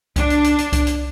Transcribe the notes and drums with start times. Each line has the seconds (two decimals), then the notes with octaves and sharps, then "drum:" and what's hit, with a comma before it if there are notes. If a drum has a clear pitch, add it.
0.16 D4, drum: kick C2, hi-hat
0.30 drum: hi-hat
0.44 drum: hi-hat
0.58 drum: hi-hat
0.73 drum: kick C2, hi-hat
0.87 drum: hi-hat